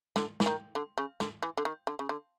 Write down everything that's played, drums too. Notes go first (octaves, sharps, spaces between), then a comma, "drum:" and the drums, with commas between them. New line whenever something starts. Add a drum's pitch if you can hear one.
D3, drum: snare
E3, drum: snare
D#3
D3
C#3
D3, drum: snare
E3
D3
D#3
D3
C#3
D3